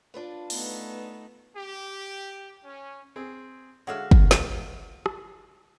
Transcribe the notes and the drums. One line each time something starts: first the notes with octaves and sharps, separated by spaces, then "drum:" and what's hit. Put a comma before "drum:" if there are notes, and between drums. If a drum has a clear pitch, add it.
D4 F4 B4
A3 B3 D#4, drum: open hi-hat
G4
C#4
C4 G#4
D3 G#3 D4 F#4 C#5 E5 F5
drum: kick
drum: snare
drum: rim click